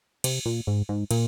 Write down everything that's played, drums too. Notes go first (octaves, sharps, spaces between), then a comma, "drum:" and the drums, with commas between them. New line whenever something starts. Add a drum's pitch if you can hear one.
C3, drum: cymbal
A#2
G#2
G#2
A#2, drum: cymbal